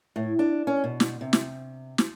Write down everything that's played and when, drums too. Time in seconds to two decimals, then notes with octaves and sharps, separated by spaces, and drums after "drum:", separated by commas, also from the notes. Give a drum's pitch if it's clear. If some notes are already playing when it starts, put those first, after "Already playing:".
0.16 A2
0.39 D4
0.67 C#4
0.84 B2
1.00 drum: snare
1.21 C3
1.33 drum: snare
1.98 drum: snare